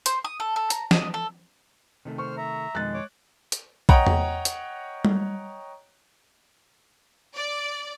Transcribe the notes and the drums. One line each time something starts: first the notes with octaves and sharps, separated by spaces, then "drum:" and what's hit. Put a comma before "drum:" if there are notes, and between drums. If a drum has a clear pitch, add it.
C5, drum: hi-hat
D#6
A4
A4
A#5, drum: hi-hat
D#5, drum: snare
A4
C3 D#3 A3
C5 C#6 F6
E5 A#5
F2 B2 D#3 G#3 F#6 A6
C#5 D6
drum: hi-hat
C#5 D#5 F#5 G5 A#5, drum: kick B1
drum: tom E2
drum: hi-hat
drum: tom G3
D5